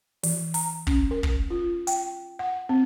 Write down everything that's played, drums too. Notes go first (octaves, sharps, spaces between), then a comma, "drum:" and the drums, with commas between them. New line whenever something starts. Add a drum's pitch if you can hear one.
E3, drum: open hi-hat
A#5, drum: open hi-hat
C#4, drum: kick
A#4
drum: kick
F4
G5, drum: hi-hat
F#5
C4